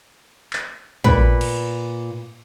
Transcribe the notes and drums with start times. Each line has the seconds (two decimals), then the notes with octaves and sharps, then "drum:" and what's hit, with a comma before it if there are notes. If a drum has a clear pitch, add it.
0.53 drum: clap
1.04 A#2 B4, drum: kick
1.41 drum: cymbal